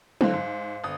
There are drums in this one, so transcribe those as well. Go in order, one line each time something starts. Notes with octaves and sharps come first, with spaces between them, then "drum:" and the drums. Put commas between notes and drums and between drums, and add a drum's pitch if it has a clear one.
D3 E3 C4 C5 F5, drum: tom F#3
G#2
G1 D#6